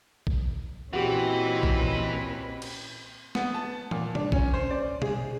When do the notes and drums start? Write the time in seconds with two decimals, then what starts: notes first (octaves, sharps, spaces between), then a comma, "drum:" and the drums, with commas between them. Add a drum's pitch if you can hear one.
0.27 drum: kick
0.93 A#2 E3 C4 C#4 F#4 G4 B4 D#5
1.63 drum: kick
2.62 drum: cymbal
3.35 B3, drum: snare
3.54 A5
3.91 A#2, drum: tom E3
4.15 D4, drum: tom B2
4.32 C#4, drum: kick
4.54 C5
4.70 D5
5.02 G#4, drum: tom B2